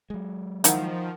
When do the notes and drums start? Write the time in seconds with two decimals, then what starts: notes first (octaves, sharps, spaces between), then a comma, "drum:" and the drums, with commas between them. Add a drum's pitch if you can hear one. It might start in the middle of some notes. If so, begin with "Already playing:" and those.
0.10 F#3 G#3
0.64 D#3 F3 D#4 E4 A#4 F#5, drum: hi-hat